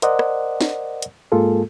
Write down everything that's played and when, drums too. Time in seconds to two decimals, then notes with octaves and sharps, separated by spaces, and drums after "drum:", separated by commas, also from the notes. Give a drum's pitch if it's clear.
0.02 A#4 C5 D5 D#5 F#5, drum: hi-hat
0.19 drum: rim click
0.61 drum: snare
1.02 drum: hi-hat
1.32 G#2 G#3 A#3 F4 G#4 A4